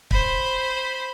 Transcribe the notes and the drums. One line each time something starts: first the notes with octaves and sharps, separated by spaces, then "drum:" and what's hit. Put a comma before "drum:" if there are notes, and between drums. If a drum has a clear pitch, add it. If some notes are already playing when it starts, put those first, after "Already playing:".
C5 B5, drum: kick